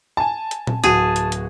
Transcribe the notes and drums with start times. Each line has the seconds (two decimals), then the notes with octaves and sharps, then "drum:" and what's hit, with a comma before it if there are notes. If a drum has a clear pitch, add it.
0.17 G#5 A5
0.51 drum: hi-hat
0.67 drum: tom A#2
0.84 D1 F#4 G#4 A5 D#7, drum: hi-hat
1.16 drum: hi-hat
1.32 drum: hi-hat